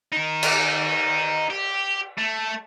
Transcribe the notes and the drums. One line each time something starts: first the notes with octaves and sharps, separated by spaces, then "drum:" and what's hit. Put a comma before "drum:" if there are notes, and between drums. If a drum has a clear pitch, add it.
D#4 A#4
drum: cymbal
G4
A3